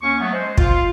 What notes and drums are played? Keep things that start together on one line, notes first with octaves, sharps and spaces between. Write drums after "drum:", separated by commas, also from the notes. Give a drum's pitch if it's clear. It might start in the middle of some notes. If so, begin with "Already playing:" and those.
D#2 C#4 C#6
F#3 A3 B3
G#3 C5
F4, drum: kick